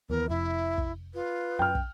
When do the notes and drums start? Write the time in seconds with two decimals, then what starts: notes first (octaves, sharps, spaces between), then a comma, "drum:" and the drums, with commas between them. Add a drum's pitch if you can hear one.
0.10 D#2 E3 B3 A#4
0.29 F1 F2 E4 E5
0.78 drum: kick
1.14 F4 B4
1.59 F#2 G5 F6
1.75 drum: kick